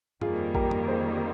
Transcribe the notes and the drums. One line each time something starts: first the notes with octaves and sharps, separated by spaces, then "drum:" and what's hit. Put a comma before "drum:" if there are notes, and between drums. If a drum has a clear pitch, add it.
F2 D#3 G3 A#3 F4 G#4, drum: tom G2
G4 A#4, drum: kick A1
drum: tom G2
A#4
G#4 C5